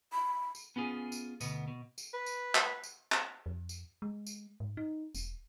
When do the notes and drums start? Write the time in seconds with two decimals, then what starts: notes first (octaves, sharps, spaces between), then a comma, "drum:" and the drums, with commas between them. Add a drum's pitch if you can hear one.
0.13 B5
0.55 drum: tambourine
0.76 B3 C#4 F4 G#4
1.12 drum: tambourine
1.41 D2 B2 B3, drum: tambourine
1.68 B2
1.98 drum: tambourine
2.13 B4
2.26 drum: tambourine
2.55 drum: clap
2.84 drum: tambourine
3.12 drum: clap
3.46 F2
3.69 drum: tambourine
4.02 G#3
4.27 drum: tambourine
4.60 G#2
4.77 D#4
5.15 E1, drum: tambourine